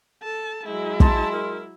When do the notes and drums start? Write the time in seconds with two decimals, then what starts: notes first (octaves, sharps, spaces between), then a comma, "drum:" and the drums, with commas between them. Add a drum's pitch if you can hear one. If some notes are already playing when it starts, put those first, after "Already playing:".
0.23 A4 A5
0.66 F#3 G#3 E4
1.00 A5 C6, drum: kick
1.32 A#4